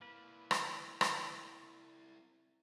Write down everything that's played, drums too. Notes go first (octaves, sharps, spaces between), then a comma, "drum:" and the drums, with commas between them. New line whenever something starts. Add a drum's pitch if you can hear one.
A#3 C4 E4 B4
drum: rim click
drum: rim click